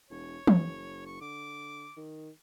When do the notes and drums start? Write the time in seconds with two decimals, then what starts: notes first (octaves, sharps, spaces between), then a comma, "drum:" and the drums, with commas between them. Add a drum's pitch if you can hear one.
0.10 E1 C#5
0.47 F#1, drum: tom E3
1.06 C#6
1.21 D3 D6
1.97 D#3